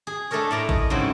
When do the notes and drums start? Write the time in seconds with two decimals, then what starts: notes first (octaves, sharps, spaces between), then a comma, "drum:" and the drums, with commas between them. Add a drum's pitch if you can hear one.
0.07 G#4
0.31 A3 D4 A4 A#4 C#5
0.51 A2 D5 A#5
0.69 D#5, drum: kick G#1
0.90 G#2 C#3 F#3 C4 E4